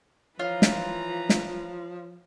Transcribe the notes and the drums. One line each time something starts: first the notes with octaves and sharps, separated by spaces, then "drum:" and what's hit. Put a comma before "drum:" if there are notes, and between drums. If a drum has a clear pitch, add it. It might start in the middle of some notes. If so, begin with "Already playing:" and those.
E3 F3 F4 B4 C#5 A#5
drum: snare
drum: snare